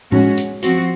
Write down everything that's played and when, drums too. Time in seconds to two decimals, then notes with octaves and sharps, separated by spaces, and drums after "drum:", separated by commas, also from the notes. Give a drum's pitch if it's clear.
0.12 G#3 C#4 F#4, drum: tom A2
0.37 drum: hi-hat
0.63 F3 C4 F#4, drum: hi-hat